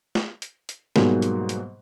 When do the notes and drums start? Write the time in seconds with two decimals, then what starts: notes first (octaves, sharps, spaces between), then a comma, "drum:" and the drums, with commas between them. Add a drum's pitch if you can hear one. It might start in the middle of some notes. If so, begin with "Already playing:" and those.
0.15 drum: snare
0.42 drum: hi-hat
0.69 drum: hi-hat
0.96 G#2 B2 F#3 G3 A#3 G#4, drum: snare
1.22 drum: hi-hat
1.49 drum: hi-hat